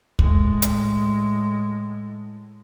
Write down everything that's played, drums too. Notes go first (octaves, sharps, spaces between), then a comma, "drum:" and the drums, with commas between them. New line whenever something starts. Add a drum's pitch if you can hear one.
A2 G#3, drum: kick
drum: hi-hat